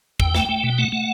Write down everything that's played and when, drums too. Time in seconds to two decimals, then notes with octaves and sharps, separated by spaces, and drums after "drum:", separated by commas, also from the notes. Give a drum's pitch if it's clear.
0.20 E2 G5, drum: kick
0.35 A3, drum: snare
0.49 A3
0.63 B2
0.78 A3 F#5
0.92 A3